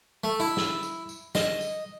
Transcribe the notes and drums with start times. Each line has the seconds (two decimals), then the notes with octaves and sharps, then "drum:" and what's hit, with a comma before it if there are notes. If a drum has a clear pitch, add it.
0.24 A3
0.40 E4
0.57 drum: snare
0.83 drum: tambourine
1.09 drum: tambourine
1.35 D#5, drum: snare
1.61 drum: tambourine